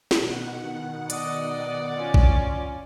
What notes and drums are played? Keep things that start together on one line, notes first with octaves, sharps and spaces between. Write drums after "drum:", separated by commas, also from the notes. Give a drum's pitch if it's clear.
B2 D#3 F#5, drum: snare
D5 D#5, drum: hi-hat
C#4 F4
drum: kick A#1